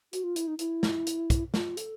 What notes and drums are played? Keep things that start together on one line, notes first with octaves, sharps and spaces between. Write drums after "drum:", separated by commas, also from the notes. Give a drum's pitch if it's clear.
F#4, drum: hi-hat
F4
E4, drum: hi-hat
D#4
E4, drum: hi-hat
drum: snare
drum: hi-hat
drum: kick, hi-hat
F4, drum: snare
A4, drum: hi-hat